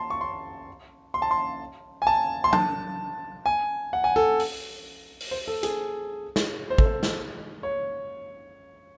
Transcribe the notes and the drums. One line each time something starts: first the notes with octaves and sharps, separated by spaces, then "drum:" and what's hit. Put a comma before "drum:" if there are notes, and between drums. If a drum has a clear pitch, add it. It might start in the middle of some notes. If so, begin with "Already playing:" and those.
Already playing: A5 C6
C#6
C6
C6
A5
C6
G#5
A5
C6
A5, drum: tom F#3
G#5
F#5
G#5
A4
drum: open hi-hat
drum: open hi-hat
C5
A4
G#4, drum: hi-hat
drum: snare
C5
A4, drum: kick
C5
drum: snare
C#5